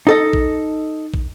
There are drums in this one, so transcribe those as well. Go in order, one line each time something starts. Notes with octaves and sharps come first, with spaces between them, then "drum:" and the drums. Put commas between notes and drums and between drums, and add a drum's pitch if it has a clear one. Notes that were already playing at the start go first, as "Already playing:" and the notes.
D#4 A4 D#5
drum: kick
drum: kick